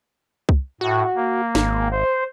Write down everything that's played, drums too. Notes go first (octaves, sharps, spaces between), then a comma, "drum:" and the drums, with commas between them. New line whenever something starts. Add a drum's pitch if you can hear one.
drum: kick C2
A2 F#4
A#3
G#1, drum: snare
C5